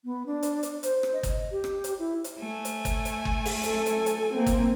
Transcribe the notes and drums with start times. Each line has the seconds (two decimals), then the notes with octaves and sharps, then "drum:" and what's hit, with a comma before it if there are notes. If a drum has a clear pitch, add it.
0.05 B3
0.26 D4
0.43 drum: hi-hat
0.63 drum: hi-hat
0.83 C5, drum: hi-hat
1.03 drum: rim click
1.13 D#5
1.23 drum: kick G1, hi-hat
1.52 G4
1.64 drum: rim click
1.84 drum: hi-hat
1.99 E4
2.24 drum: hi-hat
2.37 A3 G#5
2.65 drum: hi-hat
2.85 drum: kick G1, hi-hat
3.05 drum: hi-hat
3.25 drum: kick G1
3.45 drum: open hi-hat
3.63 A4, drum: hi-hat
3.86 drum: hi-hat
4.06 drum: hi-hat
4.34 A#3 C4
4.46 drum: kick G1, hi-hat